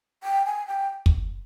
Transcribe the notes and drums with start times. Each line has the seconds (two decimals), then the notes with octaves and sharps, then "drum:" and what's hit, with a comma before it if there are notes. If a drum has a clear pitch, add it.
0.23 G5
0.46 G#5
0.67 G5
1.06 drum: kick